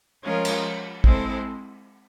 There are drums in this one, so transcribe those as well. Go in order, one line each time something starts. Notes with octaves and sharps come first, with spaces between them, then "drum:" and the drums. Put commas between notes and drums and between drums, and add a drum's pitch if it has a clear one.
F3 G#3 C#4 F4 A#4
drum: cymbal
G#3 C4 E4 A4 C5, drum: kick A1